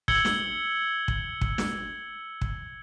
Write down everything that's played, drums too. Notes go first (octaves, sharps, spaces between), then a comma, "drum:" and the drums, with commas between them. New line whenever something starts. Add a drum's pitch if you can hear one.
E6 G#6 C#7 F#7 G7, drum: kick
drum: snare
drum: kick
drum: kick
drum: snare
drum: kick